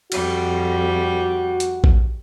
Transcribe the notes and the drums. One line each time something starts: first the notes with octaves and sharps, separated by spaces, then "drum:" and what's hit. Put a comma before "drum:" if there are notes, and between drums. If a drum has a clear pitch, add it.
F2 G3 F#4, drum: cymbal
drum: hi-hat
drum: kick A1